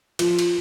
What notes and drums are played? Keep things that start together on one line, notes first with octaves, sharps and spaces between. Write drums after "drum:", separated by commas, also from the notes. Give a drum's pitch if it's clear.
F3, drum: cymbal
drum: cymbal